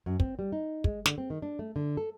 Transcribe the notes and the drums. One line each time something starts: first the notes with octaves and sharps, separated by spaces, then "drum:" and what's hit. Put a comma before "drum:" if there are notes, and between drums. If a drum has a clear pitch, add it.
F#2
C4, drum: kick
G3
D#4
G#3, drum: kick
D3, drum: snare
C4
D#3
D4
A3
D3
A4